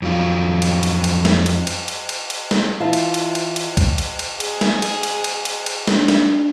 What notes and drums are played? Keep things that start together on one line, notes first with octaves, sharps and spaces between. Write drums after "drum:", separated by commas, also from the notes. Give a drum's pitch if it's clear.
F2 F#3 F4
drum: cymbal
drum: cymbal
drum: cymbal
drum: snare
drum: cymbal
drum: cymbal
drum: cymbal
drum: cymbal
drum: cymbal
drum: snare
E3 F4 E5 F5 A5
drum: cymbal
drum: cymbal
drum: cymbal
drum: cymbal
drum: kick, cymbal
drum: cymbal
drum: cymbal
G#4, drum: cymbal
drum: snare
drum: cymbal
drum: cymbal
drum: cymbal
drum: cymbal
drum: cymbal
D4, drum: snare
drum: snare